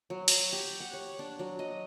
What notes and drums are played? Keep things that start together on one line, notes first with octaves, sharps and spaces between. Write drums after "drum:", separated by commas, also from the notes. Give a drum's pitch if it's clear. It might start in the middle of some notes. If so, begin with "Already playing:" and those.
F#3
drum: open hi-hat
G4
F#5
C#5
D4
F#3
D#5